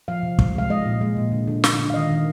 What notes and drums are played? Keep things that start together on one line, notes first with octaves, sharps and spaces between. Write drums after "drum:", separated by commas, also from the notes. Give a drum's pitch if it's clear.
F3 F5
C3
C3, drum: kick
G#3 F5
G#3 D#5
A#2
G#3
A#2
D3
D3
D3, drum: snare
D3
F5
D#3 D#5
D#3